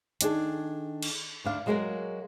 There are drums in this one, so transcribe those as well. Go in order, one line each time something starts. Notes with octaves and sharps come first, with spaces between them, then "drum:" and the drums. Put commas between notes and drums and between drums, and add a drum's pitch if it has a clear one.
D#3 D4 G#4 A4, drum: hi-hat
drum: cymbal
D2 D4 F5
F#3 G#3 F#4 G#4 A#4 F5